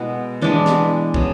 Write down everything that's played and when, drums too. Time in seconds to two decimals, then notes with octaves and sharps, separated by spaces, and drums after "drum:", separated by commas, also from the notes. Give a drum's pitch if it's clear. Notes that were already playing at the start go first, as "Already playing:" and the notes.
Already playing: B2 G#3 B3 E4
0.41 E3 G#3 B3 D4
0.66 drum: snare
1.14 C#3 F#3 B3, drum: kick